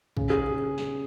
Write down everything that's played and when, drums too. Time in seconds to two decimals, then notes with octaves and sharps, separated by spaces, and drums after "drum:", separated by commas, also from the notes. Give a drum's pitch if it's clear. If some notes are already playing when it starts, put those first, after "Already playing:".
0.17 C#3, drum: kick
0.30 G#4
0.78 drum: snare